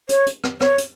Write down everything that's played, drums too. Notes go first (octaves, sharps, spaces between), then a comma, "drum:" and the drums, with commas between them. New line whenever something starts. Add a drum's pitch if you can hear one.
C#5, drum: hi-hat
drum: hi-hat
drum: rim click
C#5, drum: rim click
drum: hi-hat